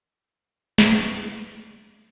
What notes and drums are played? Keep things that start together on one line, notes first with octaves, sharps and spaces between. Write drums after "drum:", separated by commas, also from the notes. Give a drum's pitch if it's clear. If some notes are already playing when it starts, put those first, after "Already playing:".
D4 E4 B4 E5, drum: snare